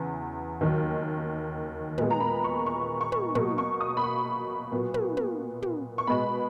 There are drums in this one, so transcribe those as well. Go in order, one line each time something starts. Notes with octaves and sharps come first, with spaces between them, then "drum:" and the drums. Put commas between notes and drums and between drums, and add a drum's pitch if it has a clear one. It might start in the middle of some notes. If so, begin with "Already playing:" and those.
Already playing: E2 C#3 E3
D#2 D#3 F#3
A#2 G#3 B3, drum: tom
A#5
B5
C#6
C#6
C#6
drum: tom
B2 F#3 A#3 C#6, drum: tom
C#6
D#6
B5
C#6
A#2 F#3 B3
drum: tom
drum: tom
drum: tom
C#6
B2 G#3 B3 B5